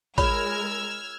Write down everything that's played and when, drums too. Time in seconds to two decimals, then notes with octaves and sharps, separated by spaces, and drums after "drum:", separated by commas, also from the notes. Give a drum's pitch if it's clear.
0.18 G#3 F4 A#4 C#5 B5 E6 F6 G#6, drum: kick, hi-hat